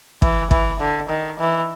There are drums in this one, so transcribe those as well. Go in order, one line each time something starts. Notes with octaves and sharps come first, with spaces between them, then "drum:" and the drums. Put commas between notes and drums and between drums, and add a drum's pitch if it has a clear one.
E3, drum: kick
E3, drum: kick
D3
D#3
E3